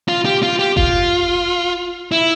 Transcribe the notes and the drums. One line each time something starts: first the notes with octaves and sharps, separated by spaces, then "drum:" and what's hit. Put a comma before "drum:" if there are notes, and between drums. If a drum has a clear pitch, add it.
F4
G4
F4
G4
F4, drum: kick F#1
E4